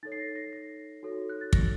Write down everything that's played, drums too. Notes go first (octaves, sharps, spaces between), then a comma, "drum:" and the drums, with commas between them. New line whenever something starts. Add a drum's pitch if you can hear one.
D#4 A4 C#5 A6
C7
A#6
A#6
A#6
D#4 F#4 A4 C#5
F#6
A6
A#6, drum: kick